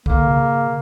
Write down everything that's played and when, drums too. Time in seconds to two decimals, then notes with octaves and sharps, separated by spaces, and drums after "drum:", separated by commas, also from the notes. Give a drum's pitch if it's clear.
0.06 D3 A#3, drum: kick
0.27 C#3